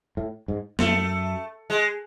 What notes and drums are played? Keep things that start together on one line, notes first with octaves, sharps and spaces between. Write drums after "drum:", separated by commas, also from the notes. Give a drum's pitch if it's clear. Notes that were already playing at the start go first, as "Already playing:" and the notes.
A2
G#2
F#2 A3, drum: snare
G#3